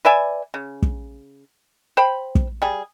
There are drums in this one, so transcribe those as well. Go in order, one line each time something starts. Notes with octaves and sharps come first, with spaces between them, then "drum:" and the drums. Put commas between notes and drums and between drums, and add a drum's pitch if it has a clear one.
B4 D5 E5 G#5
C#3
drum: kick
C5 G5 B5
drum: kick
G3 G#4